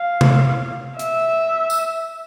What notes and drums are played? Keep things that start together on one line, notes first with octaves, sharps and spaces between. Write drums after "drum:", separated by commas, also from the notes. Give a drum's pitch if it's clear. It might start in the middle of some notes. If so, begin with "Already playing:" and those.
Already playing: F5
drum: tom C3
E5, drum: hi-hat
drum: tambourine